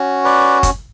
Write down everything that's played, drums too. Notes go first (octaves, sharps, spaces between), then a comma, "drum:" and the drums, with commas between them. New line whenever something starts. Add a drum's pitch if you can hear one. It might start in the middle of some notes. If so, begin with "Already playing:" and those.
Already playing: C#4 F#4
B4 D5
drum: kick, hi-hat